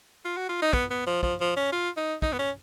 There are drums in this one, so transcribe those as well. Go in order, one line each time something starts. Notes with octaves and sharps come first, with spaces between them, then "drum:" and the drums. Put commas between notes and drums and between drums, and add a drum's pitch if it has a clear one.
F4
F#4
F4
D#4
B3, drum: kick
B3
F3
F3, drum: kick
F3
C#4
F4
D#4
D#4, drum: kick
B3
C#4